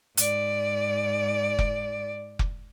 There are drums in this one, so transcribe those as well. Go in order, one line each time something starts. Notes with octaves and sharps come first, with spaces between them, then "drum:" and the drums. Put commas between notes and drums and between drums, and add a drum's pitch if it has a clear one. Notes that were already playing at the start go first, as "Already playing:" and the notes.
G#2 D5, drum: hi-hat
drum: kick F1
drum: kick F1